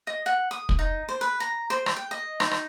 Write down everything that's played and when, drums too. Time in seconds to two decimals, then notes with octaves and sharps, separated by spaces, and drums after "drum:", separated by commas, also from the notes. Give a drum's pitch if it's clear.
0.07 D#5
0.26 F#5
0.51 D#6
0.69 drum: kick
0.79 D#4
1.09 C5
1.21 B4
1.40 A#5
1.70 C5
1.86 drum: rim click
1.96 G5
2.11 D#5
2.40 D#4, drum: rim click
2.51 drum: rim click